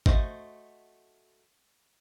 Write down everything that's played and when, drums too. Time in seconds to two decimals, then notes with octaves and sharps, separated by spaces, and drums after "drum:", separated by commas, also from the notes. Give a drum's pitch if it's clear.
0.06 A3 F#4 C5 D#5, drum: kick